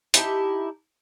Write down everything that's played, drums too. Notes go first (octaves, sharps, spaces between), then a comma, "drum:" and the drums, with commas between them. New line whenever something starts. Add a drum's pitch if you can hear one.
D#4 E4 G4 A5, drum: hi-hat